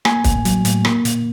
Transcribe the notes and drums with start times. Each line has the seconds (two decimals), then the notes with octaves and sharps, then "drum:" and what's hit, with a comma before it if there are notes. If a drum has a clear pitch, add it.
0.05 A#3 G#5, drum: rim click
0.24 A2, drum: kick, hi-hat
0.45 F#3, drum: hi-hat
0.65 A2, drum: hi-hat
0.85 A#3, drum: rim click
1.05 A#2, drum: hi-hat